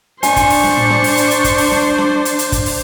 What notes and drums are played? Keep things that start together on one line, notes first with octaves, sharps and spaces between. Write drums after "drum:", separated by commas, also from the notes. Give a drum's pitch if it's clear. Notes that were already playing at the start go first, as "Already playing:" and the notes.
D4 C5 G#5 C#6, drum: hi-hat
drum: kick, hi-hat
drum: open hi-hat
drum: snare
drum: tom A2
drum: snare
drum: open hi-hat
drum: hi-hat
drum: hi-hat
drum: kick, hi-hat
drum: open hi-hat
drum: snare
drum: snare
drum: hi-hat
drum: hi-hat
drum: kick, hi-hat
drum: open hi-hat